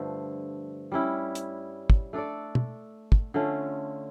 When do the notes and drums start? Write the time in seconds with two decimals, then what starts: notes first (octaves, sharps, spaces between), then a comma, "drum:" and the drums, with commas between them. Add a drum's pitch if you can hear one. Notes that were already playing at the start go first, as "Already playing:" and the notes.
Already playing: G2 D3 F3 A3
0.92 G3 C#4 E4
1.35 drum: hi-hat
1.90 drum: kick
2.13 A3 D4 A4 D5
2.55 drum: tom B2
3.12 drum: kick
3.34 D3 A3 C#4 F4